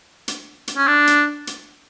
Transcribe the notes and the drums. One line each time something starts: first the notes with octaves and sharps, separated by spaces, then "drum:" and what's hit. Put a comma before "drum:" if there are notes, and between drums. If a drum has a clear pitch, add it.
drum: hi-hat
drum: hi-hat
C#4
D4
drum: hi-hat
drum: hi-hat